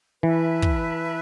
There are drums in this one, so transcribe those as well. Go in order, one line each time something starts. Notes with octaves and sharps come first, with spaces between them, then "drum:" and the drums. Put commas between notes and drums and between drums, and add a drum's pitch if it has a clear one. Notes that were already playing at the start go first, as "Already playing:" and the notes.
E3 E4 B4 E5 A5
drum: kick